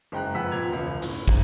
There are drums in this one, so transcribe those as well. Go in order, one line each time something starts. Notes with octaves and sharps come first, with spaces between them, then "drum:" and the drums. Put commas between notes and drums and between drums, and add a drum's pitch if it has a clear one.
F#1 G#3 G5 A#5 F#6
F2 B4 F#5 E6 B6
A#2 A#5 G#6 F7
E1 C#2
A2, drum: hi-hat
G#1 A#5, drum: kick